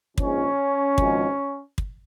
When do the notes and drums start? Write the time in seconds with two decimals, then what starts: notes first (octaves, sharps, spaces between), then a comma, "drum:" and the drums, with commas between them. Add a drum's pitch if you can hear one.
0.18 A#1 G#2 F3 C#4, drum: kick
0.98 G#1 G#2 F3, drum: kick
1.78 drum: kick